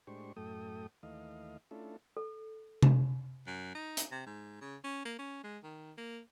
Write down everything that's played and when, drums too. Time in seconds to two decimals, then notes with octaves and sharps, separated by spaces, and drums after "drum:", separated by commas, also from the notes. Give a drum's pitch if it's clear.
0.07 A2 G#3 D4 G4 C5 C#6
0.36 F#2 A2 A3 A4 G5 D#6
1.03 D#2 E3 A3 D#5 F5
1.71 A3 C#4 D4 E4 F4 A4
2.17 A4
2.83 drum: tom C3
3.47 F#2
3.75 D#4
3.97 drum: hi-hat
4.11 C3
4.26 G#2
4.61 C#3
4.84 C#4
5.05 A#3
5.19 C#4
5.44 G#3
5.64 D#3
5.98 A#3